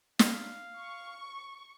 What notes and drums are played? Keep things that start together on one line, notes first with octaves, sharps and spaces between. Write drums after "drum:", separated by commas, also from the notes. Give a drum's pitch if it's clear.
F5, drum: snare
C#6